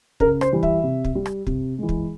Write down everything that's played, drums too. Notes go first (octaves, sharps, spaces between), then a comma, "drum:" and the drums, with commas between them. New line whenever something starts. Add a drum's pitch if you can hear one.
C#3 A#4, drum: kick
C5, drum: rim click
E3 G3
E5, drum: kick
C3
drum: kick
G3
drum: rim click
C3, drum: kick
E3 G#3
drum: kick